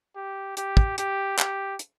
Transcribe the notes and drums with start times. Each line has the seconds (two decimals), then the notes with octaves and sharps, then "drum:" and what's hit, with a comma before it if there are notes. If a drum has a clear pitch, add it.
0.16 G4
0.57 G4, drum: hi-hat
0.77 drum: kick
0.98 G4, drum: hi-hat
1.39 G4, drum: clap
1.79 drum: hi-hat